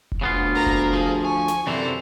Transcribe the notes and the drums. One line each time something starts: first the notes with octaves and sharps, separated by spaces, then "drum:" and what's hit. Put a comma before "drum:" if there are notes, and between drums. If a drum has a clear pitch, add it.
drum: kick F1
D2 C#3 B3 F4
A#4 F5 A#5
drum: kick F1
F3 G#4
G#5 C#6
drum: snare
F#2 C3 E3 A4 C5 D5